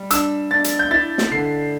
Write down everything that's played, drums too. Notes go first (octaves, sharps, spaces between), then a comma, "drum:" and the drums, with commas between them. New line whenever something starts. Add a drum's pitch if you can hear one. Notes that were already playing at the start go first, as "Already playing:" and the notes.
Already playing: G3
D4 E6, drum: hi-hat
D4 A6
drum: hi-hat
G6
E4 A6
drum: snare
D3 C7